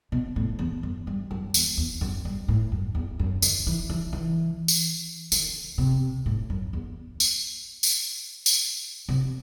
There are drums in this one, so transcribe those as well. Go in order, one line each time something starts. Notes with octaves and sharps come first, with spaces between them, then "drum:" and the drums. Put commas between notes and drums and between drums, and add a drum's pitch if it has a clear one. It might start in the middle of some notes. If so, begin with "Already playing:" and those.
B2
A2
E2
F#2
G2
F#2
E2, drum: tambourine
E2
F#2
G2
A2
F#2
E2
F#2
D#3, drum: tambourine
E3
E3
E3
drum: tambourine
D#3, drum: tambourine
C3
A2
F#2
E2
drum: tambourine
drum: tambourine
drum: tambourine
C3